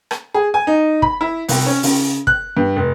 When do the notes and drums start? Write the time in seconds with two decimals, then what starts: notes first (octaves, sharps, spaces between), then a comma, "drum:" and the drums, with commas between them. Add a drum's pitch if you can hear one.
0.11 drum: rim click
0.34 G#4
0.54 G#5
0.67 D#4
1.02 B5, drum: kick
1.21 E4
1.49 C2, drum: open hi-hat
1.66 C#4
1.83 C#3, drum: open hi-hat
2.27 F#6, drum: kick
2.57 G2
2.76 F1